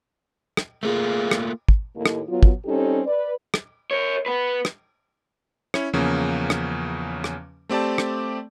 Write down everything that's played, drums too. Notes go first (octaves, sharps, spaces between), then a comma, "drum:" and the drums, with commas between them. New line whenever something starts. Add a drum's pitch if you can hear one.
drum: rim click
A3 A#3 F4 G#4
drum: rim click
drum: kick
D#2 A2 A#3
drum: rim click
F#3 B3 F4
drum: kick
G3 C4 C#4 D#4 G4 A4
B4 D5
drum: rim click
A#4 C#5
B3 B4
drum: rim click
C#4 E4 C#5, drum: rim click
E2 C#3 F3 A#3 C#4
drum: rim click
drum: rim click
A3 C4 G4 D5 A5
drum: rim click